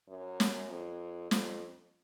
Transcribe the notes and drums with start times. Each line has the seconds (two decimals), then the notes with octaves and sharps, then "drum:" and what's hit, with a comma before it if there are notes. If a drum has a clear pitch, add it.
0.09 F#2
0.40 drum: snare
0.70 F2
1.31 F2, drum: snare